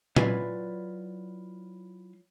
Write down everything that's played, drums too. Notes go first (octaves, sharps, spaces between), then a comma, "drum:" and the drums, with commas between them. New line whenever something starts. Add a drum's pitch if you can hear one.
F#3 E4 F4 B4 D5 G#5, drum: tom A#2